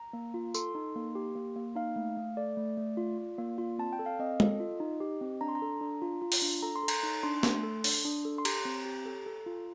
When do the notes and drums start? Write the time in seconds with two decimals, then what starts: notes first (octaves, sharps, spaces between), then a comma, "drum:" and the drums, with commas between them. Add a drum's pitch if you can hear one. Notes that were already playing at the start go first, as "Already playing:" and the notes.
Already playing: A#5
0.13 A#3
0.34 F4
0.54 A4 C6, drum: tambourine
0.75 D#4
0.95 A#3
1.15 G4
1.35 A#3
1.56 A#3
1.76 D#4 F5
1.96 A3
2.17 A3
2.37 A4 D5
2.57 A3
2.77 A3
2.97 F4
3.18 F4
3.38 A#3
3.58 F4
3.79 C4 A5
3.93 G5
3.99 A4
4.06 F5
4.19 C4 D#5
4.40 A4, drum: tom G#3
4.60 F4
4.80 D#4
5.00 G4
5.21 C4
5.41 D4 A#5
5.48 C6
5.55 A#5
5.62 A4
5.81 D4
6.02 F4
6.22 F4
6.32 drum: open hi-hat
6.42 D4
6.63 A4 A#5
6.76 C6
6.83 A4
6.88 A#5, drum: cymbal
7.03 D#4
7.23 D4 C6
7.43 A3, drum: snare
7.63 A4
7.84 D4, drum: open hi-hat
8.05 D4
8.25 A4
8.38 C6
8.45 G4 A#5, drum: cymbal
8.65 C4
8.85 G4
9.06 A4
9.26 A4
9.46 F4